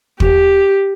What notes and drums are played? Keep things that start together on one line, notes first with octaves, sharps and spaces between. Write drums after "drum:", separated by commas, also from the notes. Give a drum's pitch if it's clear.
G4, drum: kick